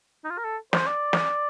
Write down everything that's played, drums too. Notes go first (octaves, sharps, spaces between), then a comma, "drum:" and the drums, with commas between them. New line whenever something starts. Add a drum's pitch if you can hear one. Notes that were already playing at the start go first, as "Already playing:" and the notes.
D#4
F4
A#4
A4
C5, drum: snare
D5
drum: snare